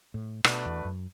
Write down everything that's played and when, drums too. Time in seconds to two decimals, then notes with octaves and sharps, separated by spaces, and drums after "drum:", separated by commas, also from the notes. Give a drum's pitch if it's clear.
0.14 A2
0.44 B2 A3 D4 F#4 B4 D5, drum: rim click
0.66 E2
0.85 F#2